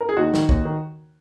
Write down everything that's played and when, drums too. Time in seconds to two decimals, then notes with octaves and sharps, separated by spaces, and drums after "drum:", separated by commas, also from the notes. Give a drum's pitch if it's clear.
0.01 A#4
0.09 G#4
0.17 D#2 D#4 F#4
0.34 D#3, drum: snare
0.49 D#2, drum: kick
0.65 D#3